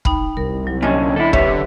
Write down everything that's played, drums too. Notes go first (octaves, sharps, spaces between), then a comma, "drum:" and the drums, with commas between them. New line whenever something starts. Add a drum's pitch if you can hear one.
D#4 G5 B5, drum: kick
C2 A#4
F#3
A#2 D3 C#4 C#5 D#5 G#5
D3 E4 A4
C3 G4 B4 C#5 E5, drum: kick